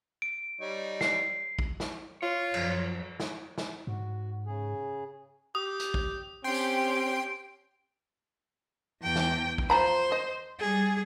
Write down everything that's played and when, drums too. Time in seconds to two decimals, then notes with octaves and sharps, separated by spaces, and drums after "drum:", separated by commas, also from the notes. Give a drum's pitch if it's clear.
0.22 D7
0.61 G3 D#4 C#5
1.01 C7, drum: snare
1.59 drum: kick A#1
1.80 drum: snare
2.22 F4 C#5
2.54 F#2 F3, drum: cymbal
3.20 drum: snare
3.58 drum: snare
3.87 G#2 F#4
4.46 C#3 G#4
5.55 G4 D#6
5.80 drum: hi-hat
5.94 drum: kick A#1
6.44 C4 C#4 G4 G5 C6 D7
6.54 drum: tambourine
9.01 E2 G5
9.16 drum: snare
9.58 drum: kick A#1
9.70 F3 C5 A#5 B5
10.12 D#5
10.59 G3 G#4